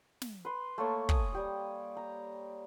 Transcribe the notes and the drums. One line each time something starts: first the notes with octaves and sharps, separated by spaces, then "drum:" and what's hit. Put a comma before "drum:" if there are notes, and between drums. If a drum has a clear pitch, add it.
drum: snare
B4 C6
A3 A#3 C#5 A5
G#5 D#6, drum: kick
G3 G4 D#6
A#5